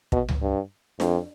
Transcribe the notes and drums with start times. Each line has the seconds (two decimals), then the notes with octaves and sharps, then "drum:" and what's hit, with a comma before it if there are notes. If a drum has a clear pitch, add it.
0.12 B2, drum: kick
0.29 drum: tom C#2
0.42 G2
1.00 F2, drum: snare D4